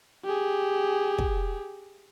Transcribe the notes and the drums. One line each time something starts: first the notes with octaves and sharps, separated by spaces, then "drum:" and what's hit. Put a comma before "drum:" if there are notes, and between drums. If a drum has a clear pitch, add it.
G4 G#4
drum: kick